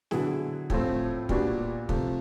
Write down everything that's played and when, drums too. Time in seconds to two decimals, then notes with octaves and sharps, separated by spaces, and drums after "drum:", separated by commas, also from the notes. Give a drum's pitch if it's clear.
0.11 D3 F#3 B3 E4 G#4, drum: snare
0.70 A2 F3 A3 C4, drum: kick
1.29 A#2 G3 B3 D4 F#4, drum: kick
1.89 C3 F3 A3, drum: kick